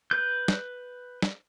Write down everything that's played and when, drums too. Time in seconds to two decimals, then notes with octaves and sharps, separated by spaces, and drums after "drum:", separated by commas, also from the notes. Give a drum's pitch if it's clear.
0.11 B4 G6
0.48 drum: snare
1.22 drum: snare